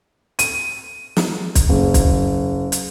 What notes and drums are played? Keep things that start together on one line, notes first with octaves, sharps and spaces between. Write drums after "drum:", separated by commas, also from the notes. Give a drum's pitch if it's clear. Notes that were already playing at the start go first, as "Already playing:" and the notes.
D#7, drum: hi-hat
drum: snare
drum: kick, hi-hat
F#1
drum: kick, hi-hat
drum: hi-hat